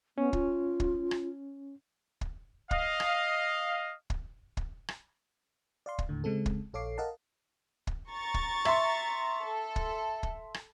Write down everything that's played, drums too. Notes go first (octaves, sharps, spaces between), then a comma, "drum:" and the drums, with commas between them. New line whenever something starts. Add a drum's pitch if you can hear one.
B3 C#4
F4, drum: kick
drum: kick
drum: rim click
drum: kick
D#5 F5, drum: kick
drum: rim click
drum: kick
drum: kick
drum: rim click
D5 F5 C6
drum: kick
D#2 A2 D3
C#3 G#3 C4 A4
drum: kick
A#1 A4 C#5 F5 D6 C7
A#4 D#5 F5 F#5 A5
drum: kick
A#5 C#6 A6
drum: kick
E5 C6, drum: rim click
A4
drum: kick
drum: kick
drum: rim click